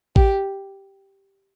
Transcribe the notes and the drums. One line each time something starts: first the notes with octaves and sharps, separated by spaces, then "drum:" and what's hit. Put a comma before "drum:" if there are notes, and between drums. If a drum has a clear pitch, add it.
G4, drum: kick A1